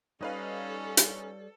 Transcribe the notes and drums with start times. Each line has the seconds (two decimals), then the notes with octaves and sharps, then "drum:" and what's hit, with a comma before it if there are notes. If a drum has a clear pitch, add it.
0.21 G3 C#4 D#4 A4 B4 C#5 F5
0.97 drum: hi-hat